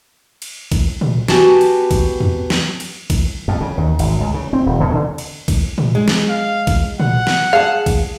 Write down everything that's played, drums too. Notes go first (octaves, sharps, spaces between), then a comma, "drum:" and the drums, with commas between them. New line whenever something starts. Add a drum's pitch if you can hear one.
drum: cymbal
drum: kick A#1, cymbal
drum: tom A#2
B3 F#4 G4 G#5 A5, drum: snare
drum: cymbal
drum: kick A#1, cymbal
drum: tom E2
drum: snare
drum: cymbal
drum: kick A#1, cymbal
F2
C#3
D#2
G#1, drum: cymbal
C#2
C#3
C4
D#1
B2
D3
drum: cymbal
drum: kick A#1, cymbal
drum: tom A#2
G#3
drum: snare
F5
drum: kick A#1, cymbal
F#5, drum: tom A#2
drum: snare
G#4 F5 A5
drum: kick A#1, cymbal